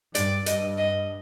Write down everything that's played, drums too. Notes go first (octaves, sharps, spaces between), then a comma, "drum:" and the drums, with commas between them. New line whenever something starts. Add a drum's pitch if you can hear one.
G2 D5, drum: hi-hat
G2 D#5, drum: hi-hat
D#5